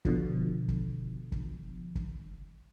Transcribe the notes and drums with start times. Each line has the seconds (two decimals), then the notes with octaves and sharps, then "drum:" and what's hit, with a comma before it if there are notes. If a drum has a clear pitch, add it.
0.05 B2 D3 F3, drum: kick
0.68 drum: kick
1.32 drum: kick
1.95 drum: kick